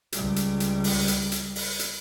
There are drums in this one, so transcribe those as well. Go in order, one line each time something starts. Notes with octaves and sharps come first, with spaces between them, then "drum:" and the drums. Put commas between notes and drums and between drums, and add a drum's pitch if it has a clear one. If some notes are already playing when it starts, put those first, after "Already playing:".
C#2 G3, drum: hi-hat
drum: hi-hat
drum: hi-hat
drum: open hi-hat
drum: hi-hat
drum: hi-hat
drum: open hi-hat
drum: hi-hat